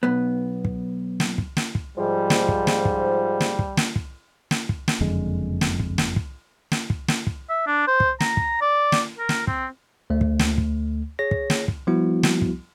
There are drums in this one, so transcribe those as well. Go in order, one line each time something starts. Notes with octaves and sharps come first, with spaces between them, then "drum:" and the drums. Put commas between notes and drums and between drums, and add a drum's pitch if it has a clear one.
B1 B3
drum: kick
drum: snare
drum: kick
drum: snare
drum: kick
G#2 F3 G3
drum: snare
drum: kick
drum: snare
drum: kick
drum: snare
drum: kick
drum: snare
drum: kick
drum: snare
drum: kick
drum: snare
F#1 F2 D3 G#3
drum: snare
drum: kick
drum: snare
drum: kick
drum: snare
drum: kick
drum: snare
drum: kick
E5
D4
C5
drum: kick
A#5, drum: snare
drum: kick
D5
drum: snare
A#4
drum: snare
C4, drum: kick
D2 A3
drum: kick
drum: snare
drum: kick
G#4 C#5 A#6
drum: kick
drum: snare
drum: kick
F3 G3 B3 E4 F#4
drum: snare
drum: kick